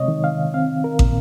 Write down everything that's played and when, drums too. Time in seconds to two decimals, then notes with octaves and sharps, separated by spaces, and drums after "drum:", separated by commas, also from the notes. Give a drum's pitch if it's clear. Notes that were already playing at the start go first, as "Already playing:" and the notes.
Already playing: C3 G#3 C#5 D#5
0.08 D#3
0.24 F5
0.54 C4 F5
0.84 A#4
0.99 A#2, drum: kick